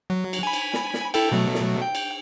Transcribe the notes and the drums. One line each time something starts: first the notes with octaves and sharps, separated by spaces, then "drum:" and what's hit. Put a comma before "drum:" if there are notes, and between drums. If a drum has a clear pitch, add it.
F#3
drum: cymbal
G#5 B5
drum: cymbal
drum: snare
drum: snare
E4 A4 G5, drum: cymbal
B2 F#3 A3
drum: snare
G5
drum: cymbal